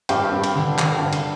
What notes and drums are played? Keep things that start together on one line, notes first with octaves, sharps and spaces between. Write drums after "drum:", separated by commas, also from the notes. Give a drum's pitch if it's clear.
G2 G4 G5, drum: cymbal
G2
drum: cymbal
D3
D3, drum: clap
G2
drum: cymbal